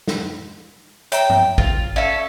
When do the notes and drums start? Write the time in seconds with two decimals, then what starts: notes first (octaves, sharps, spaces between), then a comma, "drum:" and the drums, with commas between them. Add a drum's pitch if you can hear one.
0.08 drum: snare
1.12 C#5 E5 G5 A#5, drum: hi-hat
1.30 drum: tom G2
1.58 F4, drum: kick A1
1.96 C#4 A4 D5 E5 F5